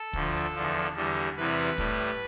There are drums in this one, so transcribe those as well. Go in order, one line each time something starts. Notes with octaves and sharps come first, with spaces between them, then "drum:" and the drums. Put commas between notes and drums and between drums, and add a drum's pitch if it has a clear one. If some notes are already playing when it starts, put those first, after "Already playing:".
Already playing: A4
D2 D3 F3, drum: kick
E2 D3 F3
E2 D3 G3
E2 C3 E3 G3 B4
A2 G3, drum: kick